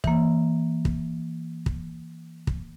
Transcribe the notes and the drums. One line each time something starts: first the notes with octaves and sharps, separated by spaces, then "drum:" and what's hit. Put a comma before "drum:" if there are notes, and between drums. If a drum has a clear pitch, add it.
E3 A#3, drum: kick
drum: kick
drum: kick
drum: kick